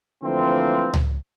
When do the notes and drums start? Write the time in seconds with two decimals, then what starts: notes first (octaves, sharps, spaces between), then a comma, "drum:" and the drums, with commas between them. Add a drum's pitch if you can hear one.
0.23 D3 E3 F3 A3 A#3 C4
0.94 drum: tom C#2